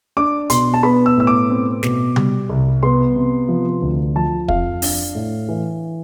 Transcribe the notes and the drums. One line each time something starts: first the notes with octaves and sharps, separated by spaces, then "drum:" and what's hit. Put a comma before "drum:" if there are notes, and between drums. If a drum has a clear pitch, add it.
D4 D6
B2 C6, drum: hi-hat
A5
B3 B5
E6
A2 E6
D6
C4
B2, drum: snare
G3, drum: tom C3
C2
B3 C6
C3
F3
D2
F3 A5
F2 F5, drum: kick
D4, drum: open hi-hat
A2
E3